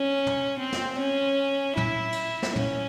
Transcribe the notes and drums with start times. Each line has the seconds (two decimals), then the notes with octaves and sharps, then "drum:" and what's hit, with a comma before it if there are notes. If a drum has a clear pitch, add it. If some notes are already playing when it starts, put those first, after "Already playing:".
Already playing: C#4
0.26 drum: tom
0.59 C4
0.72 drum: snare
0.99 C#4
1.77 E4, drum: tom
2.12 drum: cymbal
2.42 drum: snare
2.56 C#4, drum: tom